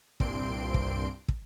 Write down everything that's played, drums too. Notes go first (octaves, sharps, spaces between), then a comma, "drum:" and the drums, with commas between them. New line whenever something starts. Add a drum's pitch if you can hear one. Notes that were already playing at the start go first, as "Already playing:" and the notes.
C2 G2 A#2 C4 C6 D7, drum: kick
drum: kick
drum: kick